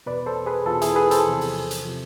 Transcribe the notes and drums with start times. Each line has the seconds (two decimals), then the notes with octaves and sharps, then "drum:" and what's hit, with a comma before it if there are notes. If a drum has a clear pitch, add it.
0.06 E2 B2 B4 D5
0.26 A4 C5
0.46 G#4 B4
0.66 E2 B2 F4 A4
0.81 E4 G#4, drum: hi-hat
0.96 G#4 B4
1.11 A4 C5, drum: hi-hat
1.26 E2 C3 F3
1.41 drum: open hi-hat
1.71 drum: hi-hat
1.85 C3 F3